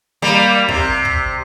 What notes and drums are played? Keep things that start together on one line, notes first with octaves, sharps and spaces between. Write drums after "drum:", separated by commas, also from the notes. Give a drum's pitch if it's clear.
G3 A#3
C3, drum: kick
drum: kick